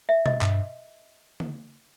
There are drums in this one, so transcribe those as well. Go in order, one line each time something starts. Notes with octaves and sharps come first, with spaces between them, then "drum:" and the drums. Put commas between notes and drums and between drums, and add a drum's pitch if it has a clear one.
E5
D#5, drum: tom B2
G2, drum: clap
drum: tom D3